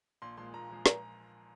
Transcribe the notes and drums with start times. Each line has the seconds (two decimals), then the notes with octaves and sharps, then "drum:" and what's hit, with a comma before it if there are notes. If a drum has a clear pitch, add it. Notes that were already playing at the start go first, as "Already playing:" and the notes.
0.22 A#1 C6
0.37 A#2 F3 G#3 C6
0.54 A#1 A#5
0.70 A#2 F3 G#3
0.86 A#5, drum: snare